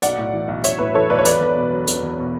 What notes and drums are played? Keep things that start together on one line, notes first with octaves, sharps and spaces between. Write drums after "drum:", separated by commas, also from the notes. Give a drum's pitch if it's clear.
B1 D5 F#5, drum: hi-hat
A2
E3
B1
B1 C#5 E5, drum: hi-hat
A2 B4
E3 A4 C#5
B1 B4 D5
C#5
E1 B4 D5, drum: hi-hat
E2
B2
F#3
E1, drum: hi-hat
E2
B2